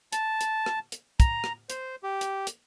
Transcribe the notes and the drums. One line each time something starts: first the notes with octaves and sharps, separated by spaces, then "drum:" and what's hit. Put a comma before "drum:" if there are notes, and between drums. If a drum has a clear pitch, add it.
A5, drum: hi-hat
drum: hi-hat
drum: rim click
drum: hi-hat
A#5, drum: kick, hi-hat
drum: rim click
C5, drum: hi-hat
G4
drum: hi-hat
drum: hi-hat